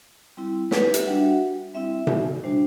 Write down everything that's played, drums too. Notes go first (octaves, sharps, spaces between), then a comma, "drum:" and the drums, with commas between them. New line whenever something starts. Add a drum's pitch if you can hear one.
G3 C4 E4
B4, drum: snare
G4
E5, drum: hi-hat
G3 D4 F#4 F#5
G3 C4 E4 E5
drum: tom B2
G3 D4 F#4 C5